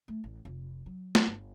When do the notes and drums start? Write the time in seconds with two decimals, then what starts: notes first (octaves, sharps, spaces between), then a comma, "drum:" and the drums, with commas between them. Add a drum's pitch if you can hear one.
0.08 A3
0.24 A1
0.45 F1
0.86 F#3
1.15 drum: snare A3
1.26 G1